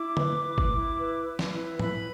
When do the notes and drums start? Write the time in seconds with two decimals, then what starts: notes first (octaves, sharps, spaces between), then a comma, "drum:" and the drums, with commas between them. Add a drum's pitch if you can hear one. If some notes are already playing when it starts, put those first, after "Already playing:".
Already playing: E4 D6
0.17 B4, drum: tom D3
0.44 E4
0.58 drum: kick G1
0.71 E4
0.98 B4
1.26 B4
1.39 drum: snare
1.53 E4
1.79 B4 B5, drum: tom